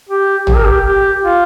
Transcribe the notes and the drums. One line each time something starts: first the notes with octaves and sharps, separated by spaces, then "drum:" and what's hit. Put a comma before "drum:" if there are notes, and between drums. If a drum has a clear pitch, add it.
G4
G4, drum: tom
A#4
G4
G4
F4